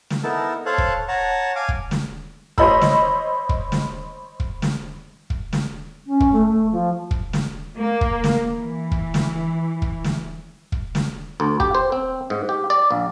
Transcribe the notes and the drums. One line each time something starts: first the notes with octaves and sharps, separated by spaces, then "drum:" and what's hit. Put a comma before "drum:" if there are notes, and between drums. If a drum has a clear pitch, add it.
drum: snare
B3 D#4 E4 A4 A#4 A5
A4 C5 C#5 F5 A5 F#6
drum: kick
C#5 F#5 A5 A#5
F5 G#5 D6
drum: kick
drum: snare
C5 C#5 D#5 B5 E6, drum: kick
drum: snare
drum: kick
drum: snare
drum: kick
drum: snare
drum: kick
drum: snare
C#4
drum: kick
A3
A3
F3
drum: kick
drum: snare
A#3
drum: kick
drum: snare
E3
drum: kick
drum: snare
drum: kick
drum: snare
drum: kick
drum: snare
D2
G4, drum: kick
C5
C4
G#2
G4
D5
A#1